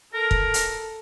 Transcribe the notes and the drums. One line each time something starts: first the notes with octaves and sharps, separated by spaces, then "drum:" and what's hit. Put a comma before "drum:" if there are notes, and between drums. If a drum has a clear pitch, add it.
A4 A#4
drum: kick
drum: hi-hat